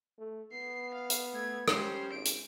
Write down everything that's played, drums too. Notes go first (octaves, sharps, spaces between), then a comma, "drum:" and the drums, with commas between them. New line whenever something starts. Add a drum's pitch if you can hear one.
A3
B3 C7
F5
drum: hi-hat
A3 G#6
G3 C#4 C5, drum: rim click
G#1 D7
drum: hi-hat